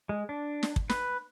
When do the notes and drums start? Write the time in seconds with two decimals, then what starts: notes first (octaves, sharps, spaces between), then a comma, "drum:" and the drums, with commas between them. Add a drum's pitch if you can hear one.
0.09 G#3
0.29 D4
0.63 drum: snare
0.76 drum: kick
0.90 B4, drum: snare